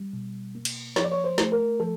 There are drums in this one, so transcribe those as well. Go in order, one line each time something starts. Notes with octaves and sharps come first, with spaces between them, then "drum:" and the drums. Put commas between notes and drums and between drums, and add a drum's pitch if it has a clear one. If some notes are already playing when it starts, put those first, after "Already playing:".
Already playing: G3
B2
A#3
drum: cymbal
F3 C#5, drum: snare
D5
C#5
C5
A3, drum: snare
A#4
F3 A4